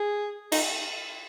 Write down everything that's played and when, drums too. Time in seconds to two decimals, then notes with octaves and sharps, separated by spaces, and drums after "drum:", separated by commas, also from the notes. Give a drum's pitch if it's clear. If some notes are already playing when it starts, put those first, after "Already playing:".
Already playing: G#4
0.52 D#4, drum: cymbal